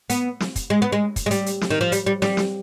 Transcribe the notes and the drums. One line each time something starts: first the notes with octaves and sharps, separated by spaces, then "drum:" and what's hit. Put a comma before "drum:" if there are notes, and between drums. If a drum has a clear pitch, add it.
B3, drum: hi-hat
drum: snare
drum: kick, hi-hat
G#3
B3
G#3
drum: kick, hi-hat
G#3
G3, drum: hi-hat
drum: hi-hat
drum: snare
D#3
F3
G3, drum: hi-hat
G3
G3, drum: snare
drum: snare